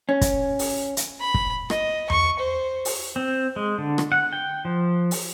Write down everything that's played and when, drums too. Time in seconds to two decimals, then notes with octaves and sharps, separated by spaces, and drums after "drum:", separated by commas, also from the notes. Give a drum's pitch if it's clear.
0.09 C#4
0.21 drum: kick, hi-hat
0.59 drum: open hi-hat
0.97 drum: hi-hat
1.20 B5
1.34 drum: kick
1.70 D#5, drum: rim click
2.10 C#6, drum: tom E2
2.39 C5
2.85 drum: open hi-hat
3.16 C4
3.56 G#3
3.78 D3
3.98 drum: rim click
4.12 F#5
4.33 G5
4.65 F3
5.11 drum: open hi-hat